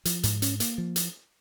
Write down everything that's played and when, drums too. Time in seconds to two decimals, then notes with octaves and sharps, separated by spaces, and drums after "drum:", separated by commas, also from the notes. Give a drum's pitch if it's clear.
0.05 F3, drum: hi-hat
0.23 G#2, drum: hi-hat
0.42 C#4, drum: hi-hat
0.60 A#3, drum: hi-hat
0.78 F3
0.96 drum: hi-hat